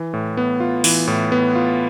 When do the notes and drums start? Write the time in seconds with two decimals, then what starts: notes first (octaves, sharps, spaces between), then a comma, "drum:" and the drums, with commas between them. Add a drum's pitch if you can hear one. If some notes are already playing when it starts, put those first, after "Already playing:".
Already playing: E3
0.14 A2
0.37 B3
0.60 F4
0.84 E3, drum: open hi-hat
1.07 A2
1.32 B3
1.55 F4